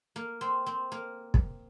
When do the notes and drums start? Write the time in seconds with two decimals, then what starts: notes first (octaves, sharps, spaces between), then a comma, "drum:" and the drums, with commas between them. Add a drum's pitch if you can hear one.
0.16 A#3
0.41 C4
0.66 C4
0.92 A#3
1.34 drum: kick